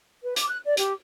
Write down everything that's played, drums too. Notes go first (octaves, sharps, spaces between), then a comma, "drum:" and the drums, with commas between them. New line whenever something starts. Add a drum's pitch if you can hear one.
B4
D6, drum: hi-hat
F#6
D5
G4, drum: hi-hat